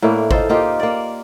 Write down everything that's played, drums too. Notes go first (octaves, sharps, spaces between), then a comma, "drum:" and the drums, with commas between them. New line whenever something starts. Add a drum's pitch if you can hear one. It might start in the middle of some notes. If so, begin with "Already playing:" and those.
A2 A#3 D4 E4
D#4 F4 A4 C5, drum: kick G#1
A#3 D#4 F4 G4
A#3 D5